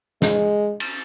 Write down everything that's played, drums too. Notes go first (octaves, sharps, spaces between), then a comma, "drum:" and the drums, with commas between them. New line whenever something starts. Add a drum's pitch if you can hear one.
G#3, drum: snare
drum: cymbal